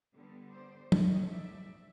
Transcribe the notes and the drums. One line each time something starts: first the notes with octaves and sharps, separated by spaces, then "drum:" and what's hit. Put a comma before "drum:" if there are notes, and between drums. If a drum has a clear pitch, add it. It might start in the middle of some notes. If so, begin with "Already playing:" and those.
D3 G3 B3
C5 D5
C#5 D#5, drum: tom
D5 E5